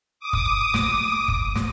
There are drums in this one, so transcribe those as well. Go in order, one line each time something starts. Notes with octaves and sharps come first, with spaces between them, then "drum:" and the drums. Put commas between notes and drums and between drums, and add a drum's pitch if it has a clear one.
D6 D#6
drum: kick
drum: snare
drum: kick
drum: snare